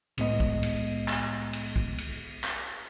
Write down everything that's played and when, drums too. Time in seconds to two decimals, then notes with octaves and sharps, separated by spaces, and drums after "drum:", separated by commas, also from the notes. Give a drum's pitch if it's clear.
0.18 C2 A2 G#3 B3 D#5, drum: cymbal
0.40 drum: kick
0.63 drum: cymbal
1.08 drum: clap
1.53 drum: cymbal
1.76 drum: kick
1.98 drum: cymbal
2.44 drum: clap